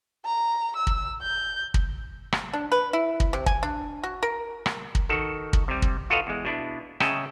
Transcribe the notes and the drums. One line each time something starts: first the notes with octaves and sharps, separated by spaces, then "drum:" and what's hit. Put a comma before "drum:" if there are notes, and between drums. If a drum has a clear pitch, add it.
A#5
E6
drum: kick
G6
drum: kick
drum: rim click
D4
B4
E4
drum: kick
C3
G#5, drum: kick
D4
F#4
A#4
drum: rim click
drum: kick
D#3 F#4 A4
drum: kick
C3 G3
drum: kick
F4 F#4 A4 B4 D#5 F5
E2 G#3
B2 D4 E4
C#3 C#4 D#5 E5 G5 A5, drum: rim click